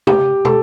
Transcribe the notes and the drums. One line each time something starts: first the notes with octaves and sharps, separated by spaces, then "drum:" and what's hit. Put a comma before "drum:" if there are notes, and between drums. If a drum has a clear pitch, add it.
G4, drum: tom
A4, drum: tom